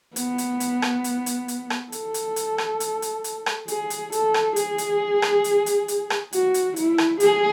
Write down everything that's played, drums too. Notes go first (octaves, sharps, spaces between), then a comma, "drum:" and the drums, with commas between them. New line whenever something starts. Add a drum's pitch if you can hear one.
B3, drum: hi-hat
drum: hi-hat
drum: hi-hat
drum: rim click
drum: hi-hat
drum: hi-hat
drum: hi-hat
drum: rim click
A4, drum: hi-hat
drum: hi-hat
drum: hi-hat
drum: rim click
drum: hi-hat
drum: hi-hat
drum: hi-hat
drum: rim click
G#4, drum: hi-hat
drum: hi-hat
A4, drum: hi-hat
drum: rim click
G#4, drum: hi-hat
drum: hi-hat
drum: rim click
drum: hi-hat
drum: hi-hat
drum: hi-hat
drum: rim click
F#4, drum: hi-hat
drum: hi-hat
E4, drum: hi-hat
drum: rim click
G#4, drum: hi-hat